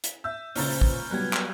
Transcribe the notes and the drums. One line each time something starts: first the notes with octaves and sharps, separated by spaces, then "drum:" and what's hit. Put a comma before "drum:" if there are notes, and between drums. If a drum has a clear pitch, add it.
drum: hi-hat
E5 E6 G6
C#2 A#2 C#3 C5 C#5 A#5 F6 A6, drum: open hi-hat
drum: kick
F#3 G3 B3 G4 F#6 G#6
drum: clap